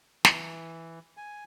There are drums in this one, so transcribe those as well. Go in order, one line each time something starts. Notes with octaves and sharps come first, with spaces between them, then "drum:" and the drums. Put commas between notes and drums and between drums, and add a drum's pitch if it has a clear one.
E3, drum: snare
G#5